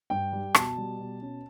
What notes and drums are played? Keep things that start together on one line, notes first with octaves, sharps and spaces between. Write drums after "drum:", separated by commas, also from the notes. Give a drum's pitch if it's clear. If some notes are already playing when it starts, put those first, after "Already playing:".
G2 G5
G3
B2 A5, drum: rim click
G3
B2
C#4